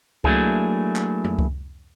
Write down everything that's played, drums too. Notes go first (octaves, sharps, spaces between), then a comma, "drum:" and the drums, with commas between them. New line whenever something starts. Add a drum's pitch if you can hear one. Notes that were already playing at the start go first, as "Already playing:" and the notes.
F#3 A3 A#3 D4 E4 G#4, drum: kick C#2
drum: clap
drum: tom F2
drum: kick C#2